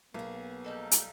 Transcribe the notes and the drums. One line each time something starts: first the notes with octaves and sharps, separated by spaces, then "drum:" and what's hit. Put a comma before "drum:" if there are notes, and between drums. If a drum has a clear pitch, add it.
B1 A#3 B3 G#4
G3 D#4 A4
drum: hi-hat